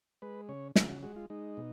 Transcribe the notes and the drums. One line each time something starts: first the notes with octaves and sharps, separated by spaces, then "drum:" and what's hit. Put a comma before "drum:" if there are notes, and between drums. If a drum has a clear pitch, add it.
G#3 B4
C#3 C#5
C#3 A#4, drum: snare
F#4
G#3 F#4
F4
G#3 D#4
B2